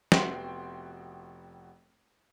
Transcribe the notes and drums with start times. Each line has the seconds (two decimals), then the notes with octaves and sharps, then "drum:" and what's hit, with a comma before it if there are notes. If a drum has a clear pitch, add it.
0.12 F1 B3 F#4 E5 G5 C6, drum: snare